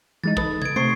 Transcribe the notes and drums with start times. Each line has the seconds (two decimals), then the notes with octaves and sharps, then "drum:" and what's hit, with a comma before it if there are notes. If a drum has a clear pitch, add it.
0.24 E3 G#3 D#4 A6
0.37 D#4 A4 B4 D#6, drum: kick
0.62 G#6 D7, drum: tom C#3
0.76 C3 A3 C5 C#6 C7 D7